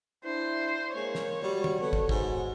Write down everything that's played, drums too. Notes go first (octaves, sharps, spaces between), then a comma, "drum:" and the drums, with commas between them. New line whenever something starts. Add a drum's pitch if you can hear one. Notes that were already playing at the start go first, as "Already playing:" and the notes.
D4 E4 C5
G#3 A#3 C#5
drum: snare
G3 F#4
drum: tom
B3 A4
drum: kick
G#2 F#4, drum: kick